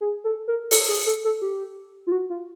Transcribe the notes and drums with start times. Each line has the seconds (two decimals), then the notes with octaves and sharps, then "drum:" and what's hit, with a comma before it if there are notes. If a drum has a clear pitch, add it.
0.01 G#4
0.24 A4
0.48 A#4
0.71 A4, drum: open hi-hat
0.89 G#4
1.06 A4
1.24 A4
1.42 G4
2.07 F4
2.12 F#4
2.30 F4